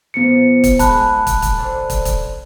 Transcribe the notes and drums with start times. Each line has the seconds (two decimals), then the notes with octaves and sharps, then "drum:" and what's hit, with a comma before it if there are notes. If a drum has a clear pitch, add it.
0.14 A#2 F3 B3 C#7
0.64 drum: kick, hi-hat
0.79 G#3 A#3 A5 B5 F#6, drum: kick, hi-hat
1.27 drum: kick, hi-hat
1.42 drum: kick, hi-hat
1.58 D3 C4 D5
1.90 drum: kick, hi-hat
2.05 drum: kick, hi-hat